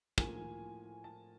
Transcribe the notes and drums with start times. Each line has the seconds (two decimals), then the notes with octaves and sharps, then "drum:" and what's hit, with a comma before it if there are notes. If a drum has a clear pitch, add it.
0.18 A2 F3 A#3 G#5, drum: kick
1.04 A5